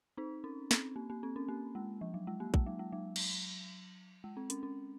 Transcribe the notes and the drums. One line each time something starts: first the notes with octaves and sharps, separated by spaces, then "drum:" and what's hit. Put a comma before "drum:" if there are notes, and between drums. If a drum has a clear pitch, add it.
C4 D#4
C#4
C4, drum: snare
A#3
A#3
C4
C#4
A#3
G#3
F3
F#3
G#3
A#3
G#3, drum: kick A#1
F#3
G#3
F#3
drum: cymbal
G#3
C4
C#4, drum: hi-hat
C#4